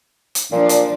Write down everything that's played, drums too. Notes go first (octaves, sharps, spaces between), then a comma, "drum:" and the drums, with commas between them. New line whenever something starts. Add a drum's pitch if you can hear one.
drum: hi-hat
A#2 F3 D4
drum: hi-hat